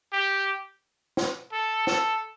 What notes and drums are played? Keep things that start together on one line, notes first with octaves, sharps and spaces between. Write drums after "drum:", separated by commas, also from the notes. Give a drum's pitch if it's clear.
G4
drum: snare
A4
A4, drum: snare